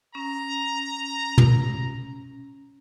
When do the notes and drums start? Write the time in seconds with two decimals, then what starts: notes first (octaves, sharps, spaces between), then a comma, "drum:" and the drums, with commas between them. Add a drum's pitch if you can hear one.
0.15 C#4 A#5
1.38 drum: tom